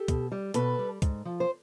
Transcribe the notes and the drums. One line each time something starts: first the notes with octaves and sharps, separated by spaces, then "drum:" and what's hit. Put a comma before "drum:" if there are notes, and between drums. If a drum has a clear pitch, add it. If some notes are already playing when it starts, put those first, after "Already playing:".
Already playing: G4 A4
B2, drum: kick, hi-hat
G3
B2 A4 B4, drum: hi-hat
G3
G#2, drum: kick, hi-hat
F3
C5